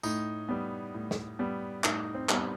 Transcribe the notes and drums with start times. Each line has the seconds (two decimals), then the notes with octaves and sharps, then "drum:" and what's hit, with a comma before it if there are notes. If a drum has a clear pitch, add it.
0.03 A2 D#4, drum: tambourine
0.49 G3 B3
0.94 A2
1.11 drum: snare
1.39 G3 B3
1.84 A2 D#4, drum: clap
2.14 C4
2.29 G3 B3, drum: clap